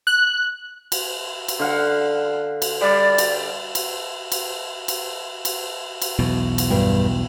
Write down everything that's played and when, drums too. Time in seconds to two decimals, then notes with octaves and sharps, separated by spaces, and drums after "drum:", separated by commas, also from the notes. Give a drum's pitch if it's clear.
0.07 F#6
0.92 drum: cymbal
1.48 drum: cymbal
1.59 D3 F5 F#5
2.62 drum: cymbal
2.81 G3 D5
3.18 drum: cymbal
3.75 drum: cymbal
4.32 drum: cymbal
4.88 drum: cymbal
5.45 drum: cymbal
6.02 drum: cymbal
6.19 B1 E2 B2
6.58 drum: cymbal
6.70 G2